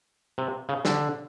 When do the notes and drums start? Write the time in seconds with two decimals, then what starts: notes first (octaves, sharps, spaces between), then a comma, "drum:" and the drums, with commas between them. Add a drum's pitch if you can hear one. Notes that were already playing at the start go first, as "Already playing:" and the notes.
0.38 C3
0.69 C#3
0.85 D3, drum: snare